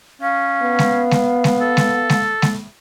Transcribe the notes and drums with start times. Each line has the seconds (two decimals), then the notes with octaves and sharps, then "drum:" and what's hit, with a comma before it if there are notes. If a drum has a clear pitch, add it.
0.22 C#4 F5
0.62 B3
0.79 drum: snare G#3
1.11 drum: snare G#3
1.44 drum: snare G#3
1.61 A4
1.77 drum: snare G#3
2.09 drum: snare G#3
2.42 drum: snare G#3